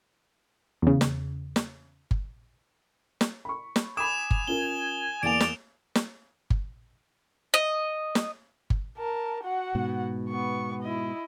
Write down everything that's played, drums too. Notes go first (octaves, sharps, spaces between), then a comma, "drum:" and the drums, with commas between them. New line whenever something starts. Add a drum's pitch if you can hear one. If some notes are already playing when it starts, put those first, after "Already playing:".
E2 C#3
drum: snare
drum: snare
drum: kick G1
drum: snare
B5 C#6
drum: snare
G#5 B5 D6 D#6 E7
drum: kick G1
C#4 F4 A#4 G7
E2 A#3 D5 G#5 D7 F7
drum: snare
drum: snare
drum: kick G1
D#5
drum: snare
drum: kick G1
A#4 A5
F#4 F#5
G#2 B2
B3 C#6
E4 D#5